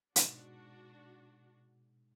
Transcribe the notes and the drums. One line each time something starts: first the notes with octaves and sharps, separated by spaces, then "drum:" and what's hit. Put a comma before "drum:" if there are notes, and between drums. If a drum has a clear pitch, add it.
G#2 B2 D4 F#4, drum: hi-hat